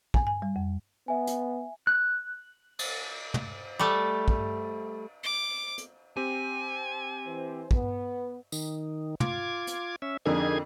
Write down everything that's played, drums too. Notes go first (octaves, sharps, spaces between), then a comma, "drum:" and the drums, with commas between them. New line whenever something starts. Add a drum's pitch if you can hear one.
G#5, drum: kick
G#5
G3
F2
B3 E5 G#5
drum: hi-hat
F#6
drum: cymbal
drum: tom
G3 A3
drum: kick
D6
drum: hi-hat
C4 G4 G#5
E3 C5
B3, drum: kick
D#3, drum: tambourine
F4 D6 G#6, drum: tom
drum: hi-hat
C#4 E5
F2 D3 A#3 D#4 G#4 G#6